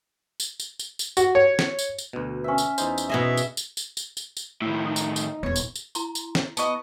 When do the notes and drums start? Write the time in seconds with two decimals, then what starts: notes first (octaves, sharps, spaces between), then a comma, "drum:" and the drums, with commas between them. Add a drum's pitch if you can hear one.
0.40 drum: tambourine
0.60 drum: tambourine
0.79 drum: tambourine
0.99 drum: tambourine
1.17 F#4, drum: tambourine
1.35 C#5
1.59 drum: snare
1.79 drum: tambourine
1.98 drum: tambourine
2.13 D2 B2
2.44 C#4 E5
2.58 drum: tambourine
2.78 E2 D#4 C5, drum: tambourine
2.98 drum: tambourine
3.09 B2 G#4 D#5 E5
3.37 drum: tambourine
3.57 drum: tambourine
3.77 drum: tambourine
3.97 drum: tambourine
4.17 drum: tambourine
4.37 drum: tambourine
4.62 A2 D#3 E4
4.85 D#4
4.96 drum: tambourine
5.16 drum: tambourine
5.43 D#1 B3 C#5
5.56 drum: tambourine
5.76 drum: tambourine
5.95 E4 A#5 C6, drum: tambourine
6.15 drum: tambourine
6.35 drum: snare
6.57 B3 D#5 A5 C#6, drum: tambourine